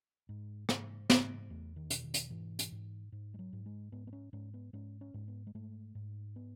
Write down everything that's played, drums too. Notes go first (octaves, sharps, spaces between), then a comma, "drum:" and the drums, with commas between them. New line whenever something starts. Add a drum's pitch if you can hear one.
G#2
G#2, drum: rim click
G#2, drum: snare
E2 A3
D#3
B2, drum: hi-hat
D#3
drum: hi-hat
G#2 E3
drum: hi-hat
G#2
G#2
G#3
F#3
G#2
G#3
G#2 B3
B3
C#4
G#2 C#4
B3
G#2 C#4
C#4
G#2
B3
G#3
G#2 A3
G#2
B3